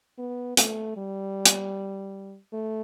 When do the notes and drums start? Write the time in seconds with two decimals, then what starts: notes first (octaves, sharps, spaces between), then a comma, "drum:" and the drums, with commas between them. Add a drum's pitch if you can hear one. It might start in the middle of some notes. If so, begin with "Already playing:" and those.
0.18 B3
0.57 A3, drum: hi-hat
0.97 G3
1.46 drum: hi-hat
2.52 A3